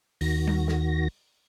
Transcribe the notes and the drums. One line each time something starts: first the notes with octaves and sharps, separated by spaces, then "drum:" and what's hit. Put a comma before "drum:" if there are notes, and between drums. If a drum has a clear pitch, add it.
D#2 D#3 F#4 A#6, drum: open hi-hat
drum: tom G3
drum: snare